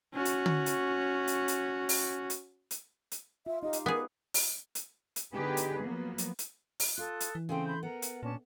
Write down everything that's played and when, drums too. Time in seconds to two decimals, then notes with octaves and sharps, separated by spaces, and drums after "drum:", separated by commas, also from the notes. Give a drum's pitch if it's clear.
0.14 C#4 F#4
0.25 drum: hi-hat
0.46 drum: tom D3
0.66 drum: hi-hat
1.27 drum: hi-hat
1.48 drum: hi-hat
1.89 drum: open hi-hat
2.30 drum: hi-hat
2.71 drum: hi-hat
3.11 drum: hi-hat
3.46 F4 E5
3.63 D#4 G4 D#5 F5
3.73 drum: hi-hat
3.86 B3 G#4 A#4 B4 D5
4.34 drum: open hi-hat
4.75 drum: hi-hat
5.16 drum: hi-hat
5.33 D3 B3 D#4 G4 G#4 B4
5.57 drum: hi-hat
5.84 F3 F#3 A#3 B3
6.18 drum: hi-hat
6.39 drum: hi-hat
6.80 drum: open hi-hat
6.98 F4 A4 D#6 F#6
7.20 drum: hi-hat
7.35 E3
7.49 C#3 A3 C4 G5 C6
7.67 B5 C6 G6
7.83 B3 A#4 F#5
8.02 drum: hi-hat
8.23 A#2 C#4 D4 A5